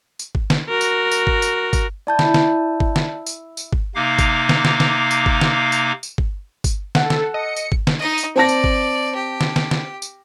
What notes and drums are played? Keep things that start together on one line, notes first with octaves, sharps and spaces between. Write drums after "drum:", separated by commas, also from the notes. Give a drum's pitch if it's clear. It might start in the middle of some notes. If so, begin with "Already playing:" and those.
drum: tambourine
drum: kick
drum: snare
F#4 A#4
drum: tambourine
drum: tambourine
drum: kick
drum: tambourine
drum: kick, tambourine
E4 D5 A5 G6
drum: snare
drum: snare
drum: kick
drum: snare
drum: tambourine
drum: tambourine
drum: kick
C3 A#3 D#4 F5 D6
drum: kick, tambourine
drum: snare
drum: snare
drum: snare
drum: tambourine
drum: kick
drum: snare
drum: tambourine
drum: tambourine
drum: kick
drum: kick, tambourine
A4 F#5, drum: snare
drum: snare
D#5 C#7
drum: tambourine
drum: kick
drum: snare
D#4 D#5
drum: tambourine
C4 D5 A5 A#6
drum: tambourine
drum: kick
G4
drum: snare
drum: snare
drum: snare
drum: tambourine